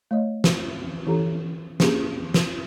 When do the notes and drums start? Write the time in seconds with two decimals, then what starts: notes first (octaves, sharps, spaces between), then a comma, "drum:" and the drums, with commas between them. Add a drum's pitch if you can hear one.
0.11 A3 C#5 D#5
0.44 drum: snare
1.07 E3 E4 G4 A4 A#5
1.80 A#3 C#4 D4 G4 G#4, drum: snare
2.34 drum: snare